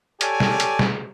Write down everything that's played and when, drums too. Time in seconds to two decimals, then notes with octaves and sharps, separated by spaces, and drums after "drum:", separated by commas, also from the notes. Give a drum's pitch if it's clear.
0.21 G4 A4 C#5 D5 G#5, drum: hi-hat
0.40 drum: snare
0.60 drum: hi-hat
0.79 drum: snare